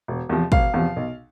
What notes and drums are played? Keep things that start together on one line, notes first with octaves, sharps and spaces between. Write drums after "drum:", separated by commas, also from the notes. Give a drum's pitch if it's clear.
E1
E2 C3 F3
E1 F5, drum: kick
E2 C3 F3
B1